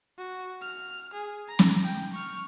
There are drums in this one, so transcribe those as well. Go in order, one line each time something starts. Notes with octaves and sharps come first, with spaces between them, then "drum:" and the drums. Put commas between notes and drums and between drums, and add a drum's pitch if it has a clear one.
F#4
F6
G#4
A#5
drum: snare
G5
C#6 F6